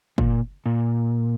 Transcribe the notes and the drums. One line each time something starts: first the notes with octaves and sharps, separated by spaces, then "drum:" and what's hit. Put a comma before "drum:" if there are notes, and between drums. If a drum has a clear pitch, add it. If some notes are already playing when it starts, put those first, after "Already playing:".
A#2, drum: kick
A#2